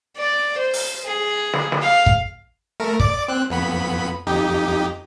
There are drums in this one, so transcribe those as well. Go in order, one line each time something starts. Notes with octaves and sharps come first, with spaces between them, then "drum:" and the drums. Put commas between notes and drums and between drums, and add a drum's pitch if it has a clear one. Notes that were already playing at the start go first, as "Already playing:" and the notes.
D5
C5
drum: open hi-hat
G#4
drum: snare
drum: snare
F5
drum: kick
A3 A#4
D5 D6, drum: kick
C4 F#6
F2 B3 B5
F2 D#4 G4